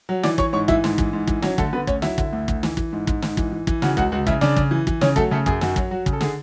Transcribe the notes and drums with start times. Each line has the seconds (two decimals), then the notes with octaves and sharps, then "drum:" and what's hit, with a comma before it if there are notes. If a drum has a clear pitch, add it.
0.09 F#3
0.23 E3 D5 D6, drum: snare
0.38 E3 C#5 C#6, drum: kick
0.53 G#2 C#5 C#6
0.68 E3 E4 E5, drum: kick
0.84 G#2, drum: snare
0.98 E3, drum: kick
1.13 G#2
1.27 E3, drum: kick
1.42 F#3 C#4 C#5, drum: snare
1.58 D3 A3 A4, drum: kick
1.73 D3 B3 B4
1.87 D2 C#4 C#5, drum: kick
2.02 F#3 E4 E5, drum: snare
2.18 D3, drum: kick
2.33 D2
2.48 D2, drum: kick
2.63 E3, drum: snare
2.77 E3, drum: kick
2.93 G#2
3.07 G#2, drum: kick
3.22 G#2, drum: snare
3.37 E3, drum: kick
3.52 E3
3.67 E3, drum: kick
3.82 C#3 F#4 F#5, drum: snare
3.97 C#2 F#4 F#5, drum: kick
4.12 C#2 F#4 F#5
4.27 C#3 E4 E5, drum: kick
4.41 C#3 D4 D5, drum: snare
4.56 C#3, drum: kick
4.71 E3
4.87 E3, drum: kick
5.01 C#3 C#4 C#5, drum: snare
5.16 F#3 A3 A4, drum: kick
5.31 C#3 A3 A4
5.46 F#2 G#4, drum: kick
5.61 F#2 F#4, drum: snare
5.76 F#3, drum: kick
5.91 F#3 F#4
6.06 C#3, drum: kick
6.13 A4
6.21 D3 G#4, drum: snare